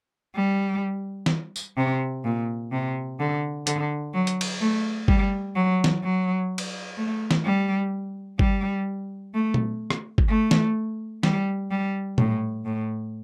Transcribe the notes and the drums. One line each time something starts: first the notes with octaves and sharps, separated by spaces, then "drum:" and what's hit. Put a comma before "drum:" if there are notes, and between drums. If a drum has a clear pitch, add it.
G3
drum: snare
drum: tambourine
C3
A#2
C3
D3
D3, drum: hi-hat
F#3
drum: hi-hat
drum: cymbal
A3
G3, drum: kick G1
F#3
drum: snare
F#3
drum: cymbal
A3
drum: snare
G3
G3, drum: kick G1
A3
drum: tom A#2
drum: rim click
drum: kick G1
A3
drum: snare
G3, drum: snare
G3
A2, drum: tom A#2
A2